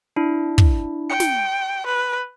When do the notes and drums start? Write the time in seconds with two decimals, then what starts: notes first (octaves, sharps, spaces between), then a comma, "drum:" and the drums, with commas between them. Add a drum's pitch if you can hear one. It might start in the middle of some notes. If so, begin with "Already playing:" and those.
0.16 D4 E4
0.58 drum: kick
1.10 G5 C#7
1.20 drum: snare
1.86 B4